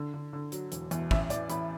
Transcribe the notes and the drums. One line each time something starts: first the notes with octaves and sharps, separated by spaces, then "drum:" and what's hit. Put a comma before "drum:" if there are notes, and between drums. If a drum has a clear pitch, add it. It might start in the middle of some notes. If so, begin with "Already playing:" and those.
Already playing: D3
D3
D3
F#3, drum: hi-hat
E1, drum: hi-hat
E2, drum: hi-hat
A1 E5, drum: kick
A1 D5, drum: hi-hat
A1 B5, drum: hi-hat